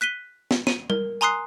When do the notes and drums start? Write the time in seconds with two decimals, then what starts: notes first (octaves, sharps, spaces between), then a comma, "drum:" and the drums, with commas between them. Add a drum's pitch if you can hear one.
0.01 F#6 B6 D#7 G7
0.51 drum: snare
0.67 D#7, drum: snare
0.90 A#4, drum: tom G3
1.21 G#5 A#5 C6 D#6 F#6 C7